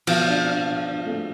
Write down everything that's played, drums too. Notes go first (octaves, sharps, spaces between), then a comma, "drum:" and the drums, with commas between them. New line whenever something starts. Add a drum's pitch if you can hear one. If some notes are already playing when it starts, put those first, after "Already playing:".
B2 F3, drum: cymbal
D4
D4
D4
D4
A3